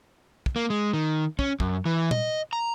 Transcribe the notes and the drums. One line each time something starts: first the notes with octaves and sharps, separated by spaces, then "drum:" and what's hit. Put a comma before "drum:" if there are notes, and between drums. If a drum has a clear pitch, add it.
drum: kick
A#3
G#3
D#3
C#4, drum: kick
F#2, drum: kick
E3
D#5, drum: tom A#2
A#5